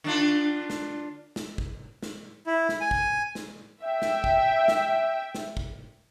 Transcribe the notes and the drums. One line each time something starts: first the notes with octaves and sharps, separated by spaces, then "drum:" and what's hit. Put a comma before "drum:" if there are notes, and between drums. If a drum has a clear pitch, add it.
D3 D4 F4
drum: snare
drum: snare
drum: kick
drum: snare
E4
drum: snare
G#5
drum: kick
drum: snare
E5 G5
drum: snare
drum: kick
drum: snare
drum: snare
drum: kick